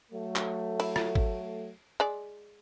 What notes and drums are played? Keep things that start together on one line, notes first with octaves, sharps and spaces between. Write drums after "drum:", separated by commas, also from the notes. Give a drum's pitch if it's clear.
F#3 A3
drum: clap
E4, drum: cymbal
drum: rim click
drum: kick
G#3 D5